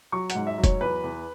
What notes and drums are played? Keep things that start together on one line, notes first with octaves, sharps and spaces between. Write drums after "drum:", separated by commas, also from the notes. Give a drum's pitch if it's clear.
F#3 C#6
F#5, drum: hi-hat
G#2
E5
F#3
C#5, drum: kick F1, hi-hat
E2 B4
E2